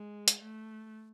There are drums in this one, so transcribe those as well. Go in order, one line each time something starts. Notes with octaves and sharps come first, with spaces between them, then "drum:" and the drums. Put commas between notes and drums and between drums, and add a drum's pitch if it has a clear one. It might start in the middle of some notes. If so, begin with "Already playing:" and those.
Already playing: G#3
drum: hi-hat
A3